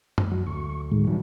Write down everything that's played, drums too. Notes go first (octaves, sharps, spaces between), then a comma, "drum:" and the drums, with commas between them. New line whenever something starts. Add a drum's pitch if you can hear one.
drum: tom F#2
F#3
D2 C#6
A2 D#3 G#3
A2 D#3 F#3 G3